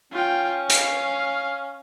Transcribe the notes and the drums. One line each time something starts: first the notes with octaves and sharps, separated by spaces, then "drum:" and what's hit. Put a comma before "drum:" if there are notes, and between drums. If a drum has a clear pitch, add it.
C#4 F4 G5
F5, drum: hi-hat